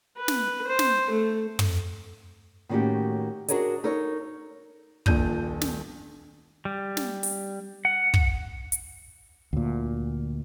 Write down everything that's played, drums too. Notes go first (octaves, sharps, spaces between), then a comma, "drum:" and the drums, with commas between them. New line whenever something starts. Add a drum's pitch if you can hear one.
B4
drum: snare
C5
drum: snare
A3
drum: tom
A2 D#3 A#3 C#4 F#4 G4
D4 F#4 G#4 A#4 C#5 D#5, drum: hi-hat
D#4 A4 A#4 C#5
D#1 A#1 D4 G6 D#7, drum: kick
drum: snare
G3
drum: snare
drum: open hi-hat
F#5
drum: kick
drum: hi-hat
D2 A#2